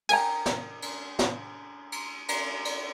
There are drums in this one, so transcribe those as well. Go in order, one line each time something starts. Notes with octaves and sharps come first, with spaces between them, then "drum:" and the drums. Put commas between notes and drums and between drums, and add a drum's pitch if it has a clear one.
A#4 G5 G#5 A#5, drum: cymbal
drum: snare
drum: cymbal
drum: snare
drum: cymbal
drum: cymbal
drum: cymbal